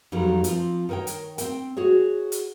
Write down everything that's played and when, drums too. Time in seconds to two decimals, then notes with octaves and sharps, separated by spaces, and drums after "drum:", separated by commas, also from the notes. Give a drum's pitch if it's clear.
0.12 F2 D#3 F#3 G3
0.44 F3 C4, drum: hi-hat
0.89 D#3 A#4 B4 C#5 G5
1.07 drum: hi-hat
1.38 C4 G5, drum: hi-hat
1.77 F#4 G#4 C#5
2.32 drum: hi-hat